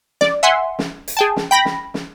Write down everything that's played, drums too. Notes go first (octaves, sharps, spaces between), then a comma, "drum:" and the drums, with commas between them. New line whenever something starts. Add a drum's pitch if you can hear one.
D5, drum: snare
E5 F#5 G#5 C6
drum: snare
drum: hi-hat
G#4 G5 A5
drum: snare
G5 B5 A#6
drum: snare
drum: snare